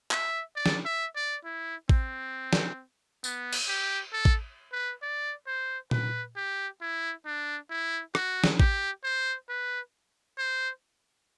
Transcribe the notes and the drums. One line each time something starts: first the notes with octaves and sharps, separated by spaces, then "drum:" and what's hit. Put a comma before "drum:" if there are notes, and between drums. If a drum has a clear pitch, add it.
E5, drum: clap
D5
drum: snare
E5
D5
E4
C4, drum: kick A1
drum: snare
B3, drum: tambourine
drum: cymbal
G4
A4
drum: kick A1
B4
D5
C5
B4, drum: tom A#2
G4
E4
D4
E4
F#4, drum: rim click
drum: snare
G4, drum: kick A1
C5
B4
C5